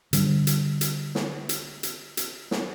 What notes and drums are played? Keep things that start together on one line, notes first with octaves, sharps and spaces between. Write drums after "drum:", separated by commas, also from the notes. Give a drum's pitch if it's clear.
D3 G3, drum: hi-hat
drum: hi-hat
drum: hi-hat
drum: snare
drum: hi-hat
drum: hi-hat
drum: hi-hat
drum: snare